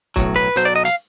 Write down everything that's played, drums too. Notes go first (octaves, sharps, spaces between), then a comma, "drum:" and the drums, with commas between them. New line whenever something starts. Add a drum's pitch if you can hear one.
B1 A2 F#3, drum: kick, hi-hat
B4
B1 B2 F#3 C5, drum: hi-hat
D5
D#5
F5, drum: hi-hat